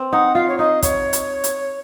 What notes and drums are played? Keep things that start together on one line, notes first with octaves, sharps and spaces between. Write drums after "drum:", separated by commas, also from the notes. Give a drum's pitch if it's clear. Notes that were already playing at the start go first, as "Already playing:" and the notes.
Already playing: C4
D#4 F#5
F4 F5
C#5
D#4 D#5
C#5, drum: kick, hi-hat
drum: hi-hat
drum: hi-hat